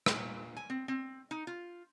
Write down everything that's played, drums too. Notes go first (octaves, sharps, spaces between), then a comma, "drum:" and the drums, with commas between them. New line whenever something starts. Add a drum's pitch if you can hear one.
A#2, drum: rim click
G#5
C4
C4
D#4
F4